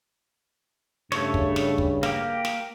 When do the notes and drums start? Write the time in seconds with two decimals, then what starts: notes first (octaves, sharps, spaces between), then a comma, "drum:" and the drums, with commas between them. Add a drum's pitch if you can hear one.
1.12 G2 C#3 A3 C#5, drum: snare
1.34 drum: kick
1.56 drum: snare
1.78 drum: kick
2.03 A#3 G4, drum: snare
2.45 drum: snare